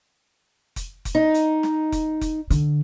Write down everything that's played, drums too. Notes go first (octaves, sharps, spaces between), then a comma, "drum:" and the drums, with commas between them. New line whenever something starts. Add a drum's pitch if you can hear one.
drum: kick F1, hi-hat
drum: kick F1, hi-hat
D#4
drum: hi-hat
drum: snare
drum: kick F1, hi-hat
drum: kick F1, hi-hat
D3, drum: hi-hat